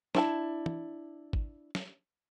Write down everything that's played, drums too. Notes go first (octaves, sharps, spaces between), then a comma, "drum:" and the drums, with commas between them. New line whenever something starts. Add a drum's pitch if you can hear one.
D4 E4 A5, drum: snare
drum: tom
drum: kick G#1
drum: snare